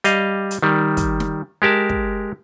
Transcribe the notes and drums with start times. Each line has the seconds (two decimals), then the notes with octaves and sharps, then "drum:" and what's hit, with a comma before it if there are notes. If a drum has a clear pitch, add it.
0.04 G3 D#5 F5, drum: hi-hat
0.51 drum: hi-hat
0.62 D#3 G3
0.97 drum: kick, hi-hat
1.20 drum: snare
1.62 G#3 G4 A#4 A5
1.90 drum: kick